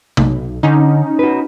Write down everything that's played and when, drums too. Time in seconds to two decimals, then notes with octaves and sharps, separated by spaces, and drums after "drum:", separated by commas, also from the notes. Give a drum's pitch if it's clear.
0.17 B1, drum: tom C3
0.63 D3 C#4 D#4
1.19 F#4 B4